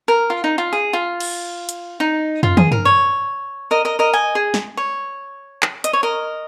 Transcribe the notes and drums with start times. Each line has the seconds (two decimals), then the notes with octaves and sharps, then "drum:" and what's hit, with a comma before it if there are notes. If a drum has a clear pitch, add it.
0.08 A#4
0.30 F4
0.44 D#4
0.58 F4
0.73 G#4
0.93 F4
1.20 drum: cymbal
1.69 drum: hi-hat
2.00 D#4
2.43 F4, drum: tom
2.57 G#4, drum: tom
2.72 A#4, drum: tom G2
2.85 C#5
3.71 A#4 D#5
3.85 A#4 D#5
3.99 A#4 D#5
4.13 D#5 G#5
4.35 G#4
4.54 drum: snare
4.77 C#5
5.62 drum: clap
5.84 D#5, drum: hi-hat
5.93 C#5
6.03 A#4 D#5